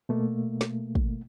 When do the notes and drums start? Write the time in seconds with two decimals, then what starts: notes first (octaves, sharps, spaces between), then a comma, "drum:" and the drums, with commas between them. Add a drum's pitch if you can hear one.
0.09 B2 A3 A#3
0.61 drum: snare
0.95 drum: kick